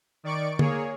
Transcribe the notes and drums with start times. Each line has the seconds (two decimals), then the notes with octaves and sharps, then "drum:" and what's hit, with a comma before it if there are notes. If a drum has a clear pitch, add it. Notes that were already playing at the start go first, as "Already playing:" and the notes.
0.23 D#3 D5 C#6 D7
0.59 A#3 G#4 C#5, drum: tom D3